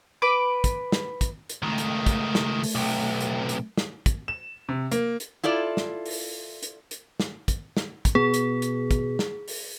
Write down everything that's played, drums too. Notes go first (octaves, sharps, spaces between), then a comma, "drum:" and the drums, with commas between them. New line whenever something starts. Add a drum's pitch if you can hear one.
B4 B5 D6
drum: kick, hi-hat
drum: snare
drum: kick, hi-hat
drum: hi-hat
C#2 D#3 A3
drum: hi-hat
drum: kick, hi-hat
drum: snare
drum: open hi-hat
B1 C3
drum: hi-hat
drum: hi-hat
drum: snare
drum: kick, hi-hat
E7
C3
A#3, drum: hi-hat
drum: hi-hat
E4 F4 A4 D5
drum: snare
drum: open hi-hat
drum: hi-hat
drum: hi-hat
drum: snare
drum: kick, hi-hat
drum: snare
drum: kick, hi-hat
B2 B3 G#4
drum: hi-hat
drum: hi-hat
drum: kick, hi-hat
drum: snare
drum: open hi-hat